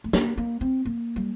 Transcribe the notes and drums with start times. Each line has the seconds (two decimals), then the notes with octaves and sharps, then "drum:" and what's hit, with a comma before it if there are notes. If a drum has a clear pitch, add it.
0.04 A3
0.13 A#3, drum: snare
0.37 A#3
0.61 C4
0.85 A#3
1.16 G3